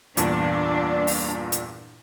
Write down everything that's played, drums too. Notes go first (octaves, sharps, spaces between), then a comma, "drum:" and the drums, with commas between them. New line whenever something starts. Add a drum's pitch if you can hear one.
E2 G2 A#2 D4, drum: hi-hat
drum: open hi-hat
drum: hi-hat